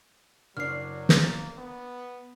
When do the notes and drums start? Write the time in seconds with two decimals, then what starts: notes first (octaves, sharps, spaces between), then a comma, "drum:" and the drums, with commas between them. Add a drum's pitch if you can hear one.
0.57 F#1 F#3 D4 C#5 F6 C7
1.09 drum: snare
1.23 A#3 A6
1.58 B3